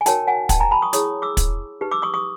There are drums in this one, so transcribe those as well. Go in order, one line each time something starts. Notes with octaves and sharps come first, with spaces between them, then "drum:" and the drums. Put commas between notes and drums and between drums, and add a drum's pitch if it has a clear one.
G#5
D#4 F#4 A#4 C#5 G5 A5, drum: hi-hat
F#5 G#5
G5 A5, drum: kick, hi-hat
G#5 A#5
A5 B5
C#6 D#6
E4 G#4 C#5 C#6 D#6, drum: hi-hat
D6 E6
drum: kick, hi-hat
D#4 G4 B4
D6 E6
C#6 D#6
C#6 D#6